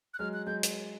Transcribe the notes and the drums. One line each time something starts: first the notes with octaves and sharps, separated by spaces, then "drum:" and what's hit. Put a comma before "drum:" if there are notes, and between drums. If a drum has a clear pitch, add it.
F#6
F#3 G#3 F6
F#6
F#3 G#3 G6
drum: hi-hat